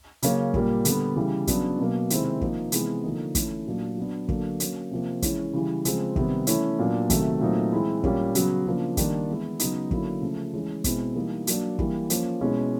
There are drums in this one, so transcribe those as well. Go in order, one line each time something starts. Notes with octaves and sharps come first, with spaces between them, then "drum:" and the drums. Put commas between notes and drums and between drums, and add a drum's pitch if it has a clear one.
C#3 F#3 A#3 C#4, drum: hi-hat
A#2 G3 A#3, drum: kick
D3 G3 B3, drum: hi-hat
C#3 E3 G3
C#3 F#3 B3 D4, drum: kick, hi-hat
B2 F#3 A#3
C3 D#3 G#3 C4 E4, drum: hi-hat
F3 A#3 D#4, drum: kick
C3 E3 G#3 B3, drum: hi-hat
D3 F3 A#3 D#4
E3 A3 C#4 E4, drum: kick, hi-hat
A#2 F#3 A#3 D4
F#3 B3 D4
D3 F#3 A#3 D4, drum: kick
F#3 A#3 C#4, drum: hi-hat
C3 F3 A#3
E3 G#3 C#4 E4, drum: kick, hi-hat
C#3 E3 G3
C#3 F3 G#3 C4, drum: hi-hat
C3 D#3 G3 B3, drum: kick
E3 A3 C#4 E4, drum: hi-hat
A#2 F#3 B3 D4
C3 D#3 F#3 A3, drum: kick, hi-hat
A#2 F#3 A3 C4 D#4
E3 G#3 C4 E4
A#2 G3 A#3 C#4, drum: kick
C#3 F#3 B3, drum: hi-hat
C#3 F3 A#3 D4
D#3 G3 A#3 D4, drum: kick, hi-hat
E3 G#3 B3 E4
C#3 F#3 B3 D#4, drum: hi-hat
D3 F#3 A#3 C#4 E4, drum: kick
C#3 F3 A3
E3 G#3 C#4
B2 G#3 C4 E4, drum: kick, hi-hat
E3 G3 A#3 D#4
F#3 A#3 D4, drum: hi-hat
E3 G3 A#3, drum: kick
F3 A#3 C#4, drum: hi-hat
B2 G#3 C#4 E4